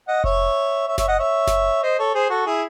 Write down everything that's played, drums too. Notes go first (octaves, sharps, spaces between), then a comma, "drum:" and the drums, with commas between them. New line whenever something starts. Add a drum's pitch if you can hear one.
D#5 F#5
C#5 E5, drum: kick F1
C#5 E5
C#5 E5, drum: snare F#1
D#5 F#5
C#5 E5
drum: snare F#1
C5 D#5
A4 C#5
G#4 C5
F#4 A4
E4 G#4